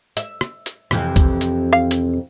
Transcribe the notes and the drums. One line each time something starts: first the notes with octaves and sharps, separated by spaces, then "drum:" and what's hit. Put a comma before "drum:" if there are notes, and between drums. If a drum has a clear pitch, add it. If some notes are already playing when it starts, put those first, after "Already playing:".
E5, drum: hi-hat
drum: rim click
drum: hi-hat
F2 C3 E3, drum: rim click
drum: kick, hi-hat
drum: hi-hat
F5
drum: hi-hat